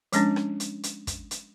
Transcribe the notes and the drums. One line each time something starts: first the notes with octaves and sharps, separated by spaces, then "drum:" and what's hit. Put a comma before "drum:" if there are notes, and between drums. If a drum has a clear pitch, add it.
F3 G#3 C#4 D4, drum: hi-hat
drum: rim click
drum: hi-hat
drum: hi-hat
drum: kick, hi-hat
drum: hi-hat